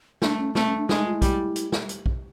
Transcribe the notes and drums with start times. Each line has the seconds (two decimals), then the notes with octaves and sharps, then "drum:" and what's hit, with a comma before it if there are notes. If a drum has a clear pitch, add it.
0.22 A3 D4, drum: snare
0.39 C#4
0.55 A3 C4, drum: snare
0.66 C#4
0.78 D4
0.89 G#3 D4, drum: snare
0.97 D#4
1.06 F4
1.14 E4
1.22 G3, drum: kick A#1, hi-hat
1.56 drum: hi-hat
1.72 drum: snare
1.89 drum: hi-hat
2.06 drum: kick A#1